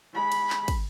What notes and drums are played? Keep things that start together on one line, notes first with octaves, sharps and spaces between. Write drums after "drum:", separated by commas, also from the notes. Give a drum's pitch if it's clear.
G#3 B5
drum: cymbal
drum: clap
drum: kick, cymbal